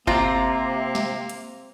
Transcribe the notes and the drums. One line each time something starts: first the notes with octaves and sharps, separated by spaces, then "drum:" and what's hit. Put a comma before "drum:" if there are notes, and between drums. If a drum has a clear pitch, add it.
C3 A#3 C4 F4 A#5, drum: kick G1
drum: snare
drum: hi-hat